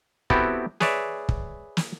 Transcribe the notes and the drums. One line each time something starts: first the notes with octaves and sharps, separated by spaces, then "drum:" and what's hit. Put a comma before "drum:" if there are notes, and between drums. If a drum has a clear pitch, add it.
B3 C4 E4 F#4 G4 A4, drum: kick
G#4 B4 C#5 D5 E5, drum: snare
drum: kick
drum: snare